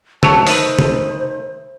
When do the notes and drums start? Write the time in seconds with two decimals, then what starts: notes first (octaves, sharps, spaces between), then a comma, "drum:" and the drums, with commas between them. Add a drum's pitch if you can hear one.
0.23 F#3 A3 C#5 A5, drum: tom C3
0.47 D#3 A3 B4 C5, drum: open hi-hat
0.79 drum: tom C3